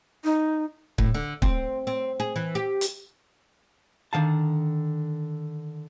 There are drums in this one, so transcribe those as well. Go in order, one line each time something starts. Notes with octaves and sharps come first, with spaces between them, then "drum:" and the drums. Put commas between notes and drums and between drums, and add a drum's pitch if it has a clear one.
D#4
A2, drum: kick
D3
C4, drum: kick
C4
G#4
E3
G4
drum: hi-hat
D3 D#3 F5 A5